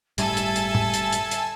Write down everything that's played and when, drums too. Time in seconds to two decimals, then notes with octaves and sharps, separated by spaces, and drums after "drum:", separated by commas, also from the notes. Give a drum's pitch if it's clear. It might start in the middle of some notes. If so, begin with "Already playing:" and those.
0.18 G1 A2 G3 A4 E5 G#5 A5 E6, drum: hi-hat
0.37 drum: hi-hat
0.56 drum: hi-hat
0.75 drum: tom
0.94 drum: hi-hat
1.13 drum: hi-hat
1.31 drum: hi-hat